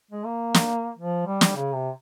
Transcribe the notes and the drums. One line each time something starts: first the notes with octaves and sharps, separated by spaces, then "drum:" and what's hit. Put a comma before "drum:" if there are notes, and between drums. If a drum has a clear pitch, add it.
G#3
A#3
drum: snare
F3
G3
drum: snare
C#3
C3